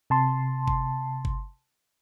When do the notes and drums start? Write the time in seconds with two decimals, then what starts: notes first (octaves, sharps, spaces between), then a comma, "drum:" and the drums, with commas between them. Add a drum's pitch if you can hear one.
0.10 C3 A5 C6
0.68 drum: kick G1
1.25 drum: kick G1